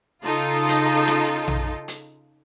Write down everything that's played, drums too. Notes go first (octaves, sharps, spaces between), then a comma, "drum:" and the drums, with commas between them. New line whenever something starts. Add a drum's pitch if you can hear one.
C#3 D#4 F4 A4
drum: hi-hat
drum: rim click
drum: tom A#1
drum: hi-hat